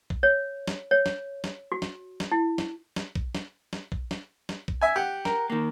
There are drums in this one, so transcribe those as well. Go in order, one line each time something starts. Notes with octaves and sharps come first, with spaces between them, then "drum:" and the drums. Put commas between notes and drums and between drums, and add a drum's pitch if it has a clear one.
drum: kick
C#5
drum: snare
C#5
drum: snare
drum: snare
F#4
drum: snare
drum: snare
E4
drum: snare
drum: snare
drum: kick
drum: snare
drum: snare
drum: kick
drum: snare
drum: snare
drum: kick
E5 G#5
G4 F#5
A#4, drum: snare
D#3 A#3